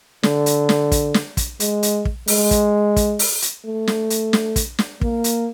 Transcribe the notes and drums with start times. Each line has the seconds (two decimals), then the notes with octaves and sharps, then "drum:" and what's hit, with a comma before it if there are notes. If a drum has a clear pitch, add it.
0.23 D3, drum: snare
0.46 drum: hi-hat
0.69 drum: snare
0.92 drum: kick, hi-hat
1.14 drum: snare
1.37 drum: kick, hi-hat
1.60 G#3, drum: hi-hat
1.83 drum: hi-hat
2.05 drum: kick
2.28 G#3, drum: open hi-hat
2.51 drum: kick, hi-hat
2.96 drum: kick, hi-hat
3.19 drum: open hi-hat
3.42 drum: hi-hat
3.65 A3
3.87 drum: snare
4.10 drum: hi-hat
4.33 drum: snare
4.56 drum: kick, hi-hat
4.79 drum: snare
5.01 A#3, drum: kick
5.24 drum: hi-hat